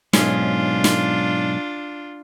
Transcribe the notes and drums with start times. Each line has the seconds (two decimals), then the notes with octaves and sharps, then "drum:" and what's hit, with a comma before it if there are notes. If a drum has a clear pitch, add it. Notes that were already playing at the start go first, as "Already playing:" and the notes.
0.13 B1 G#2 C#4 D4 F4, drum: snare
0.84 drum: snare